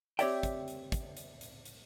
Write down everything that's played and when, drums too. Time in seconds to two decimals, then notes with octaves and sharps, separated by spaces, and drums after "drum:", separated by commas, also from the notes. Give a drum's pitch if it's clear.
0.19 C4 G4 C#5 D5 E5 G5, drum: hi-hat
0.43 drum: kick, hi-hat
0.68 drum: hi-hat
0.92 drum: kick, hi-hat
1.17 drum: hi-hat
1.41 drum: hi-hat
1.65 drum: hi-hat